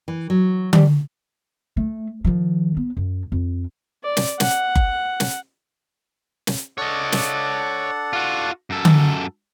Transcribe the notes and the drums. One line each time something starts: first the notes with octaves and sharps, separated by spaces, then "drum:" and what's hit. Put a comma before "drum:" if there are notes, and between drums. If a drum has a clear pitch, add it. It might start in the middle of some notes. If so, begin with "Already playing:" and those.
E3
F#3
G3, drum: tom D3
A3
D#3 F3
B3
F#2
F2
D5
drum: snare
F#5, drum: snare
drum: kick F#1
drum: snare
drum: snare
D4 A4 C#5 D#5 F#5
drum: snare
F4 F#4
F#2 A4
drum: tom D3